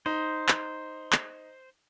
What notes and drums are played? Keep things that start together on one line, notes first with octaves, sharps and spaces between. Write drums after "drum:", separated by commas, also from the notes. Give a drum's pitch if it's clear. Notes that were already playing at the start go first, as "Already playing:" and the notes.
D#4 C5
drum: clap
drum: clap